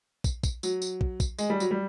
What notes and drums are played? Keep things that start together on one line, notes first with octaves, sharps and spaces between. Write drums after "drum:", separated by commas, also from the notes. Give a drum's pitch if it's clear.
drum: kick, tambourine
drum: kick, tambourine
F#3, drum: tambourine
drum: tambourine
drum: kick
drum: kick, tambourine
G#3, drum: tambourine
G3
F#3, drum: tambourine
G3